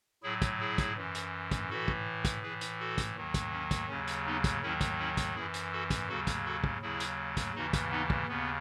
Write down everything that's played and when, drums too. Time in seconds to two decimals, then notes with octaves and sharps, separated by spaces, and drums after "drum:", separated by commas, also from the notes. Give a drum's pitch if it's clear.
0.23 A2 F#3 E4 G#4
0.42 drum: kick, hi-hat
0.60 E4 G#4
0.78 drum: kick, hi-hat
0.97 F#2 E3
1.15 drum: hi-hat
1.51 drum: kick, hi-hat
1.69 A2 E3 F#4 A4
1.88 drum: kick
2.25 drum: kick, hi-hat
2.43 A2 E3 G#4 B4
2.61 drum: hi-hat
2.79 F#4 A4
2.98 drum: kick, hi-hat
3.16 D#2 D#3 F#3
3.34 drum: kick, hi-hat
3.52 C#4
3.71 drum: kick, hi-hat
3.89 D#2 C#3 F#3 C#4
4.08 drum: hi-hat
4.26 B3 D#4
4.44 drum: kick, hi-hat
4.62 D#2 D#3 F#3 C#4 E4
4.81 drum: kick, hi-hat
4.99 C#4 E4
5.17 drum: kick, hi-hat
5.35 F#2 E3 E4 G#4
5.54 drum: hi-hat
5.72 F#4 A4
5.90 drum: kick, hi-hat
6.09 D#2 C#3 F#3 F#4 A4
6.27 drum: kick, hi-hat
6.45 F#4 A4
6.64 drum: kick
6.82 D#2 C#3 F#3 E4 G#4
7.00 drum: hi-hat
7.37 drum: kick, hi-hat
7.55 D#2 C#3 E3 D#4 F#4
7.73 drum: kick, hi-hat
7.91 B3 D#4
8.10 drum: kick
8.28 D#2 C#3 B3